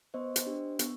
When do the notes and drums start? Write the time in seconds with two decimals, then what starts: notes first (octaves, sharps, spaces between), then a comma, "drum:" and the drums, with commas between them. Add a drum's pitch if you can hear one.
0.14 B3 C5 D#5
0.36 drum: hi-hat
0.46 D4 G4
0.79 B3, drum: hi-hat